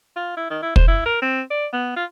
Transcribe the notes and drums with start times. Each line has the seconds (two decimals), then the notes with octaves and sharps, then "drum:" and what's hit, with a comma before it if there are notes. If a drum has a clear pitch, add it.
0.16 F4
0.36 E4
0.50 D#3
0.62 E4
0.76 C5, drum: kick
0.88 E4
1.05 A#4
1.22 C4
1.50 D5
1.73 B3
1.96 F4